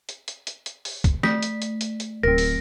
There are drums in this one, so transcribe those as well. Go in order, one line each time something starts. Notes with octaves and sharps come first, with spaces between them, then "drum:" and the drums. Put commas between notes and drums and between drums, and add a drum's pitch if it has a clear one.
drum: hi-hat
drum: hi-hat
drum: hi-hat
drum: hi-hat
drum: open hi-hat
drum: kick, hi-hat
A3 B6, drum: snare
drum: hi-hat
drum: hi-hat
drum: hi-hat
drum: hi-hat
D1 C4 A#4 A#6
drum: open hi-hat